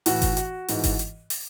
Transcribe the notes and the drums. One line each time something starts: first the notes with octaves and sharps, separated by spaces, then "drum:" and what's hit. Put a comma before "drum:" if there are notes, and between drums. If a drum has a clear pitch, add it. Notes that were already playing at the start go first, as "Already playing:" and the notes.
A2 E3 F#4, drum: open hi-hat
drum: kick G1, open hi-hat
F#4, drum: hi-hat
G#2 E3, drum: open hi-hat
drum: kick G1, open hi-hat
drum: hi-hat
drum: open hi-hat